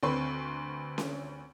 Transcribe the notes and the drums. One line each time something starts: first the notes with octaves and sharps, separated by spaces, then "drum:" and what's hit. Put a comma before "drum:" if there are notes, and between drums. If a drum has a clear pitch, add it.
D2 C4 B4 C6 C#6
drum: snare C#4